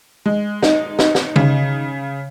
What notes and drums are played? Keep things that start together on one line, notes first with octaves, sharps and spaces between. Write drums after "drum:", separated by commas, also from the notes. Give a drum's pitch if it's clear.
G#3
D#4, drum: snare
D#4, drum: snare
drum: snare
C#3, drum: tom